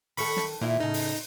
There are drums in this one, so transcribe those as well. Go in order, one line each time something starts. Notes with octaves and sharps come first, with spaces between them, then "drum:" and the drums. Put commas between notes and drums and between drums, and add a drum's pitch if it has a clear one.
D#3 A4 B5 C#6, drum: open hi-hat
drum: snare
A#2 D#3 F3 E4
A2 C#3 D#4
drum: open hi-hat